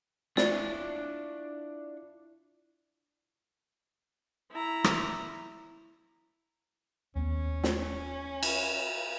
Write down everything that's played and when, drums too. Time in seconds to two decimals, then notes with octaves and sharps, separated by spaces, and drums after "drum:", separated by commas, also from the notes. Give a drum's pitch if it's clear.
0.37 D4 E4 F4 C#5 D5, drum: snare
4.52 E4 A#5
4.84 drum: rim click
7.15 D#2 A#3 B3 C#4
7.64 drum: snare
8.43 drum: cymbal